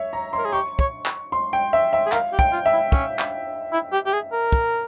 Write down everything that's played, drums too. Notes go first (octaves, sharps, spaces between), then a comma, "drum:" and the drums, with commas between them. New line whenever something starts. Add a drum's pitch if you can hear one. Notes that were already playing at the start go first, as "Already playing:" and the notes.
Already playing: C#5 E5
A#5
C6
A#4
G#4
G4 C#6
C#5, drum: kick
drum: clap
C6
G5
E5
E5
G#4
A#4 F5, drum: clap
G4
G5, drum: kick
F4
E5
E4
C#4, drum: kick
drum: clap
E4
G4
G4
G#4
A#4
drum: kick